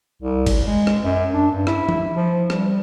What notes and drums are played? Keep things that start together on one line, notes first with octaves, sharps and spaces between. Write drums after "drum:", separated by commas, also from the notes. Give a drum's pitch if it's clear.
C2
drum: kick G#1, cymbal
G#3
drum: rim click
F#2
D4
G2
E4, drum: rim click
drum: tom E3
F3
G3, drum: rim click